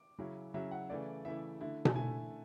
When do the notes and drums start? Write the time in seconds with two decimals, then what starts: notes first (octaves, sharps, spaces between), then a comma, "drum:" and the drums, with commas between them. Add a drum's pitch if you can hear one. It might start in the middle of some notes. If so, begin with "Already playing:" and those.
Already playing: D6
0.18 C#3 F#3 C#4 E4
0.54 C#3 F#3 C#4 E4 E5
0.71 F#5
0.89 C#3 E3 A3 E4 D5
1.25 C#3 E3 A3 E4 E5
1.61 D3 A3 E4
1.85 A5, drum: tom B2
1.95 D3 A3 E4 G#5